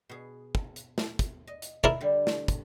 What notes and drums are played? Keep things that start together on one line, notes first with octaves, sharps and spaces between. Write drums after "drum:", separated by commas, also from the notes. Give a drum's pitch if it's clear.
B2 G#4
drum: kick
drum: hi-hat
drum: snare
drum: kick, hi-hat
D#5
drum: hi-hat
E4 A#4 D5, drum: kick
D3 G3
drum: snare
drum: kick, hi-hat